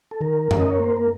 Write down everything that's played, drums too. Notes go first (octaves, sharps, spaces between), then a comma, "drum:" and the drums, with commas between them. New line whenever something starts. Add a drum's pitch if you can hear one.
A4
D#3 A#4
C#4, drum: tom F#2
D#5
C#5
A#3 C5
A#4